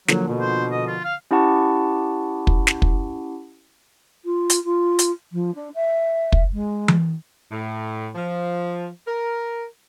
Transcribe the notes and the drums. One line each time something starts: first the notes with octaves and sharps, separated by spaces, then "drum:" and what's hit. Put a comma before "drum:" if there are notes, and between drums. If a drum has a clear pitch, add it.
D3 F3 F#3 A#3, drum: snare
B2
C5
D#5
F4
F5
C#4 E4 G4 F#5 A5 C#6
drum: kick
drum: snare
drum: kick
F4
drum: hi-hat
F4
drum: hi-hat
F3
D4
E5
drum: kick
G#3
drum: tom E3
A2
F3
A#4